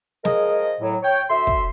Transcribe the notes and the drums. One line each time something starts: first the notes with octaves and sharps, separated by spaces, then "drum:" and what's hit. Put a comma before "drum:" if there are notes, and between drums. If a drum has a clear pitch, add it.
F3 G#3 G#4 A#4 D#5, drum: snare
A2 F#3
C#5 G5
D2 E5 C6
drum: kick